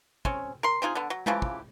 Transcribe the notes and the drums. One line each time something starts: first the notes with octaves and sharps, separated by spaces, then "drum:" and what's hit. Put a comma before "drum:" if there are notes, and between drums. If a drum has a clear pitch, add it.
C4 C#4, drum: kick
A#4 C6
C4 D#4 F4 G#4
D3 B3
F#3
C#3 E3 F3 G4, drum: tom G#3
drum: kick